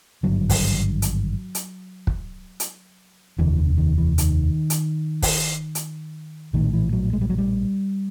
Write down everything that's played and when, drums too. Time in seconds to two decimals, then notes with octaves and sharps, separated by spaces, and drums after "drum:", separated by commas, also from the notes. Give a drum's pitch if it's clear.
0.23 G#1 G2 D3 F#3
0.50 drum: kick, open hi-hat
1.02 drum: hi-hat
1.55 drum: hi-hat
2.07 drum: kick
2.60 drum: hi-hat
3.39 F1 D#2 D3 E3
3.58 D3
3.78 D#3
3.98 E3
4.18 D#3, drum: hi-hat
4.70 drum: hi-hat
5.22 drum: kick, open hi-hat
5.75 drum: hi-hat
6.54 A#1 A2 D#3
6.73 E3
6.93 F#3
7.13 G#3
7.21 G3
7.30 F#3
7.38 G3